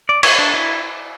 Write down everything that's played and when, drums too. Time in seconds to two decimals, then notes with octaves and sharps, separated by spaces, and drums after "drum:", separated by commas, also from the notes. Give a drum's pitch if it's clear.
0.09 D5
0.23 C#5, drum: cymbal
0.38 D4
0.54 E4